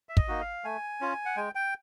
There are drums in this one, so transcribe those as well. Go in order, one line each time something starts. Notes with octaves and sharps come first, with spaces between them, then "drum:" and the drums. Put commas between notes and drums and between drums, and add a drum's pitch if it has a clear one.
E5
D#5, drum: kick
A#3 D#4 F#4
F5
A3 G#5
C#4 F4
F#5
G#3 G5
G5